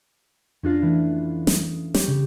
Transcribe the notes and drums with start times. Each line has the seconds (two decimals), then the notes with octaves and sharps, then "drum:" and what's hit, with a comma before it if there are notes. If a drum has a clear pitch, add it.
0.63 F2 C#4 D4 F4 F5 A#6
0.82 E3 A3
1.47 D#6, drum: snare
1.94 G4 C#5, drum: snare
2.07 C#3